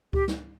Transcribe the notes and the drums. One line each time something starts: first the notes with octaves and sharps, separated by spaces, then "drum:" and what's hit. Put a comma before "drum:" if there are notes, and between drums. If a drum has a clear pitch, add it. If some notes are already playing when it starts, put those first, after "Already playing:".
G4, drum: kick C#2
drum: snare